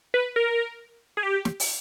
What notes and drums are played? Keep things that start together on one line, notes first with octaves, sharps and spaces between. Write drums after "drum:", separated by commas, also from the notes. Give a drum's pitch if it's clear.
B4
A#4
G#4
G4
drum: snare
drum: open hi-hat